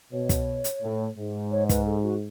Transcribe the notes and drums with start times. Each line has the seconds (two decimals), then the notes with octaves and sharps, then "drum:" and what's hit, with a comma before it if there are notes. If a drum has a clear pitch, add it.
0.12 B2 C#5
0.29 drum: kick, hi-hat
0.64 drum: hi-hat
0.82 A2
1.17 G#2
1.51 C#5
1.69 B4, drum: kick, hi-hat
1.86 A4
2.03 F#4